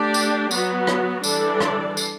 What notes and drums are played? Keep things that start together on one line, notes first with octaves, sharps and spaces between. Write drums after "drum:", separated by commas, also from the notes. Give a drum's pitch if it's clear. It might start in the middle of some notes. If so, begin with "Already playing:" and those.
Already playing: A3 D4 G4 D5
drum: tambourine
F#3 B3 F#4, drum: tambourine
drum: rim click
E3 G3 D4 A4 D5, drum: tambourine
drum: rim click
drum: tambourine